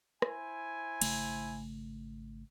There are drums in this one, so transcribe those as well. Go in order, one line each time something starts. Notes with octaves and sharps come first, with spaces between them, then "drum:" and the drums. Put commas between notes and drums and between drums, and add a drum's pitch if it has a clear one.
E4 C5 G#5, drum: rim click
G#1 C#3 A3, drum: cymbal